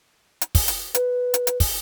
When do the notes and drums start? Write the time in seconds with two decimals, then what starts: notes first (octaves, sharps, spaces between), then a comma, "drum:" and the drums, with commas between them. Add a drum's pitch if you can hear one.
0.41 drum: hi-hat
0.55 drum: kick, open hi-hat
0.68 drum: hi-hat
0.95 B4, drum: hi-hat
1.34 drum: hi-hat
1.47 drum: hi-hat
1.60 drum: kick, open hi-hat